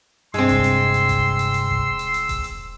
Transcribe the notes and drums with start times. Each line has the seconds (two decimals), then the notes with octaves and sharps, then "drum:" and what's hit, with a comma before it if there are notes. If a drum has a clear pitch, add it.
0.34 G2 C3 G#3 C4 C6 E6, drum: hi-hat
0.49 drum: kick E1, hi-hat
0.64 drum: hi-hat
0.94 drum: hi-hat
1.09 drum: kick E1, hi-hat
1.39 drum: hi-hat
1.54 drum: hi-hat
1.69 drum: kick E1
1.99 drum: hi-hat
2.14 drum: hi-hat
2.29 drum: kick E1, hi-hat
2.44 drum: hi-hat